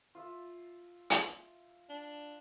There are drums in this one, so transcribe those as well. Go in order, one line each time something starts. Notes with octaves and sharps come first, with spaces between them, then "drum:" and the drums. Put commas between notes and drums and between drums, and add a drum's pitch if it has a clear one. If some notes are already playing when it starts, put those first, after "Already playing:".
F4 E5
drum: hi-hat
D4